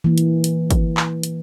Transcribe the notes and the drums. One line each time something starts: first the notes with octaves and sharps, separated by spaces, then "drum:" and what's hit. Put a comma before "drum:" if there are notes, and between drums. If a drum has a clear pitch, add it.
E3 A#3
drum: hi-hat
drum: hi-hat
drum: kick, hi-hat
drum: clap
drum: hi-hat